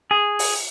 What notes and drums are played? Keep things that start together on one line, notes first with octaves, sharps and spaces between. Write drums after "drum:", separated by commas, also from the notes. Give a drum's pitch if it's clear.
G#4
drum: open hi-hat